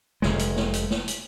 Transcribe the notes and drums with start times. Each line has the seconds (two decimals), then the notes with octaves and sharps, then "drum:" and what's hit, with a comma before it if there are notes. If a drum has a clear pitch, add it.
0.22 F1 G#3, drum: snare
0.39 drum: hi-hat
0.56 drum: snare
0.73 drum: hi-hat
0.91 drum: snare
1.08 drum: hi-hat